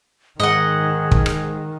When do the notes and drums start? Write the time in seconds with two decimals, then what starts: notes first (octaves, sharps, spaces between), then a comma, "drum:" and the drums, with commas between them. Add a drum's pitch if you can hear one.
0.40 G#2 D#3 G#4 D#5 F#5
1.11 drum: kick
1.26 drum: rim click